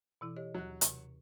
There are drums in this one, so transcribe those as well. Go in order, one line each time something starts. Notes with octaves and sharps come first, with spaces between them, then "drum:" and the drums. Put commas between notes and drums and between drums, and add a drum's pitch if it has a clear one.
B2 E3 E4
G4 C#5 D#5
D#2 F#3 F#6
C3, drum: hi-hat